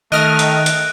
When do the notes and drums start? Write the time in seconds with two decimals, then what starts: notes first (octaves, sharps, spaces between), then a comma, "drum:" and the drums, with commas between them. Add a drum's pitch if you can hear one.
0.12 D#3 A3 D#5 F6 F#6 A#6 D7 D#7
0.39 drum: hi-hat
0.66 drum: hi-hat